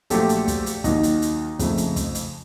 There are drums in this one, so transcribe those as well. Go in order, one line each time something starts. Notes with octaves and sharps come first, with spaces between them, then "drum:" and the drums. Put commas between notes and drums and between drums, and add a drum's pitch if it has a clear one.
A#1 A#2 F#3 A3 G4 A4, drum: hi-hat
drum: hi-hat
drum: kick, hi-hat
drum: hi-hat
D#2 D#3 F#3 D#4, drum: kick, hi-hat
drum: hi-hat
drum: hi-hat
F2 C#3 F3 A3, drum: kick, hi-hat
drum: hi-hat
drum: kick, hi-hat
drum: hi-hat